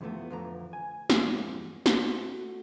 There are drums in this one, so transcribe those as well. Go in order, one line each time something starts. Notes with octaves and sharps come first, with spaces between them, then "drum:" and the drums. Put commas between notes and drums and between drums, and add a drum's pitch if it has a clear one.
F2 C3 E3 A3 B3
F2 A2 D3 E3 A#5
G#5
E2 G2 F3 G#3 A#3 E4, drum: snare
F#4 C5, drum: snare
A3 F#4